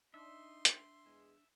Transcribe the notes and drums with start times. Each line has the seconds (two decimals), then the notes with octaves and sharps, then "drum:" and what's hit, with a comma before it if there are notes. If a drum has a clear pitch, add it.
0.14 D4 D#4 E5 C6
0.65 drum: hi-hat
1.06 E2 G#3